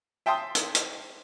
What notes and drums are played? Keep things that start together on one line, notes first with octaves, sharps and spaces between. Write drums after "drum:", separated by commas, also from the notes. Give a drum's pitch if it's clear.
E5 G5 A5 C6 D#6
drum: hi-hat
drum: hi-hat